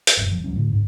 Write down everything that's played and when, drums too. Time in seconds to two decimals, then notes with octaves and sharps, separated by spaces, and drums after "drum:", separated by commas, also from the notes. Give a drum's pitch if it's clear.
0.07 drum: hi-hat
0.17 F1 A#1 F#2
0.32 F3
0.44 D1 C#2 F#3 C#4
0.56 A2 D3
0.72 B1 G#2